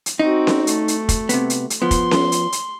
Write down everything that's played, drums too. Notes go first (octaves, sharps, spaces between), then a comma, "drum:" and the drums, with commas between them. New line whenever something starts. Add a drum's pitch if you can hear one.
drum: hi-hat
C4 D#4 F#4
drum: snare C#4
A3, drum: hi-hat
drum: hi-hat
drum: kick, hi-hat
C3 B3, drum: hi-hat
drum: hi-hat
drum: hi-hat
F3 B3 C6
drum: kick, hi-hat
drum: snare C#4
drum: hi-hat
drum: hi-hat